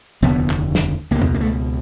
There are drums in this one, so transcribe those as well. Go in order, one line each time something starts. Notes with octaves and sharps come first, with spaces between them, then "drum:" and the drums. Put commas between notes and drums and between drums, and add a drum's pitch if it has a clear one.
F1 D#2 D3 B3
drum: clap
drum: snare
C#2 B2 A#3
drum: tom E2
A#3
A3